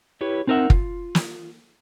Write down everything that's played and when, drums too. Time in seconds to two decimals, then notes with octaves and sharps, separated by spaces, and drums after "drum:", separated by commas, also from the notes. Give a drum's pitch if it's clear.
0.21 E4 G4 B4 C#5
0.47 C4 D#4 A#4 B4 E5 F#5
0.70 F4, drum: kick
1.15 drum: snare